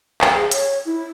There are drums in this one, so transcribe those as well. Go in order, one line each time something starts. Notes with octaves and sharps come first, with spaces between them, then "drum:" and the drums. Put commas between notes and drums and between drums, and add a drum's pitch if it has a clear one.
G5, drum: clap
G#4
C#5, drum: hi-hat
E4